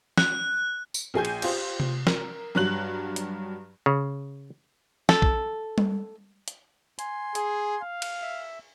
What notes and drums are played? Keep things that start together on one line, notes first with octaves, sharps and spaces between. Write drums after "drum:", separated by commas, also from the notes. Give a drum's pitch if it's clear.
F#6, drum: snare
drum: tambourine
A#1 G#4 G#5 G6
drum: cymbal
F4 G4 C5, drum: cymbal
drum: tom C3
A#4, drum: snare
G2 F#3 F#6 F#7
drum: hi-hat
C#3
A4, drum: snare
drum: kick
drum: tom G3
drum: hi-hat
G#5 C6, drum: hi-hat
G#4, drum: hi-hat
F5
drum: cymbal
E5